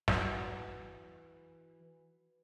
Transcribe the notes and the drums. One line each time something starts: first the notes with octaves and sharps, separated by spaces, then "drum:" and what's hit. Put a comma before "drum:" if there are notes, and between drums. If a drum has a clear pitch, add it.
E3 F#4, drum: snare